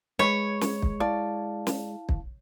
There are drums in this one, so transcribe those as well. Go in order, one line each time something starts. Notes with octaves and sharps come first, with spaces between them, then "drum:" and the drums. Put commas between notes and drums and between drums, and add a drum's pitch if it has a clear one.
G#3 B4 C#5
drum: snare
drum: kick
E4 D5 F5 A5
drum: snare
drum: kick